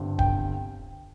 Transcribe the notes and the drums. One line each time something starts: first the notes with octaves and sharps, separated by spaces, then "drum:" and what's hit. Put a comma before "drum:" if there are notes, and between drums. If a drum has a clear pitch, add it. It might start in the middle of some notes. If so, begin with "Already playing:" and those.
Already playing: G1 G2 D3 C4
G5, drum: kick D#1